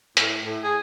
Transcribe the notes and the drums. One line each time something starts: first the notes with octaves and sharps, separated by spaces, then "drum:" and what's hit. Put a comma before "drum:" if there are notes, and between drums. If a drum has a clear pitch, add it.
A2, drum: hi-hat
A2
G#4